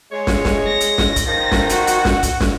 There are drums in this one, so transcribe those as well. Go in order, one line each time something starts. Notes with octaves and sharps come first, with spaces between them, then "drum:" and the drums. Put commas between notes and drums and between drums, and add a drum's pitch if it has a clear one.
G#3 C#5
drum: snare
drum: snare
A#6
drum: hi-hat
drum: snare
drum: kick, hi-hat
D#3 F3
drum: snare
F#4, drum: hi-hat
drum: hi-hat
drum: snare
drum: kick, hi-hat
drum: snare